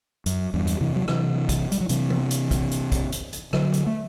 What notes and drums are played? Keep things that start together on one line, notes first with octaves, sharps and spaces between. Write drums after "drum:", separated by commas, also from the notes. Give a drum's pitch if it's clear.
F#2, drum: hi-hat
E2 G2
drum: hi-hat
C3 E3
F#3
C3 E3, drum: rim click
drum: kick, hi-hat
G3, drum: hi-hat
F#3
C3 E3, drum: hi-hat
drum: tom E3
drum: hi-hat
drum: kick, hi-hat
drum: hi-hat
drum: kick, hi-hat
drum: hi-hat
drum: hi-hat
D3 F#3, drum: rim click
drum: hi-hat
A3